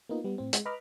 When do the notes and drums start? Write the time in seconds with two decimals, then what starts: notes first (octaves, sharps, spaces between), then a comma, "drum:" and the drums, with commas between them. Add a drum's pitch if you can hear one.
0.09 A#3 B3 D#4 F4
0.24 G3 B3
0.38 A2 C4
0.53 G#3, drum: hi-hat
0.65 B4 D#5 A#5 B5 D6 F6